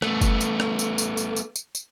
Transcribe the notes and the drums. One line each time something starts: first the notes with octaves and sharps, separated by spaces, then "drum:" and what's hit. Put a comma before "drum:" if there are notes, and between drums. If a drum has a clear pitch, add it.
A3 B3, drum: rim click
drum: kick F#1, tambourine
drum: tambourine
drum: rim click
drum: tambourine
drum: tambourine
drum: tambourine
drum: tambourine
drum: tambourine
drum: tambourine